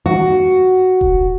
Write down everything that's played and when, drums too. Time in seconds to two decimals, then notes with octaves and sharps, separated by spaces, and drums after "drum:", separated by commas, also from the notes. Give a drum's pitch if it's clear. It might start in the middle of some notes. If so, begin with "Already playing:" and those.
0.06 F#4
1.01 drum: kick D#1